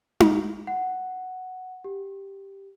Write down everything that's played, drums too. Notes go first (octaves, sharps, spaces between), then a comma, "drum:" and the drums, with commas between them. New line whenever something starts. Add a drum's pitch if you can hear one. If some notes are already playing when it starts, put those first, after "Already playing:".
drum: tom D#4
F#5
G4